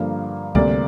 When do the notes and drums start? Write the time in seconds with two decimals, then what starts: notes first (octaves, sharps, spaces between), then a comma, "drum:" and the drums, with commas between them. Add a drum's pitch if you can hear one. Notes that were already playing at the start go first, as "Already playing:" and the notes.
Already playing: G2 D3 F3 A#3
0.55 D2 C3 G3 A#3 D5, drum: kick C#2